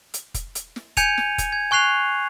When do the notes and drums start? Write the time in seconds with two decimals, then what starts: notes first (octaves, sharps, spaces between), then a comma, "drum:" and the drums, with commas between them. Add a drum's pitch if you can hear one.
0.14 drum: hi-hat
0.34 drum: kick F1, hi-hat
0.55 drum: hi-hat
0.76 drum: snare
0.97 G#5 G6 G#6 C#7 D#7 F7, drum: kick F1, hi-hat
1.18 drum: snare
1.38 drum: kick F1, hi-hat
1.52 G#6
1.71 G#5 C#6 F#6 C7 F7